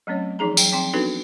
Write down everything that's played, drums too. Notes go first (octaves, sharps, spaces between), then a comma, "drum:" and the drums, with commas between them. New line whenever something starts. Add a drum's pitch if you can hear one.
F#3 A3 C4 C#4 C#5
E3 F3 D#4 G#4 A#5
F#3 G5, drum: tambourine
F3 C4 G5 C6
B3 D4 D#4 F#4 A4 B4